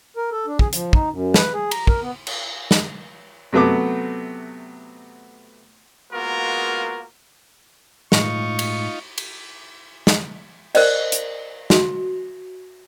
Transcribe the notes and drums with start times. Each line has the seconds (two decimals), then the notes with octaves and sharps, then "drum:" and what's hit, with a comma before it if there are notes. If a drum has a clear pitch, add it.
0.17 A#4
0.31 A4
0.46 D4
0.59 G#4, drum: kick
0.73 F3, drum: hi-hat
0.93 D#4, drum: kick
1.12 F#2
1.34 B4, drum: snare
1.53 G#4
1.71 A#5, drum: cymbal
1.87 A#4, drum: kick
2.02 B3
2.27 drum: cymbal
2.71 drum: snare
3.53 C3 F#3 A3 B3 D6
6.12 G#3 A#3 B3 F4 F#4 A#4
8.12 A2 G#3 D#4 F4 C#6, drum: snare
8.59 drum: cymbal
9.18 drum: cymbal
10.07 drum: snare
10.75 A#4 C5 D5 D#5, drum: cymbal
11.12 drum: hi-hat
11.70 F#4, drum: snare